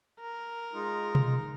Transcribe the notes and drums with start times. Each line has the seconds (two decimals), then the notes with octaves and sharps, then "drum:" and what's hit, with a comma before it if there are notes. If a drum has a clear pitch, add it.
0.21 A#4
0.73 G#3 D#4 F4
1.15 drum: tom B2